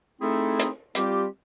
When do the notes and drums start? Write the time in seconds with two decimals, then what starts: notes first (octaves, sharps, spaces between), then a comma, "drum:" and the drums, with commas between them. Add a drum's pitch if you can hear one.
0.21 A3 C4 D#4 E4 G#4 A4
0.60 drum: hi-hat
0.95 G3 C4 F4 G4, drum: hi-hat